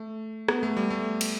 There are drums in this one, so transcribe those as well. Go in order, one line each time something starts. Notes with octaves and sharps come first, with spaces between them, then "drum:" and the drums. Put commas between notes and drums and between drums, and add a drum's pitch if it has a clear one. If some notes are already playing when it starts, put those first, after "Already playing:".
Already playing: A3
B3, drum: rim click
A3
G3
A3
drum: cymbal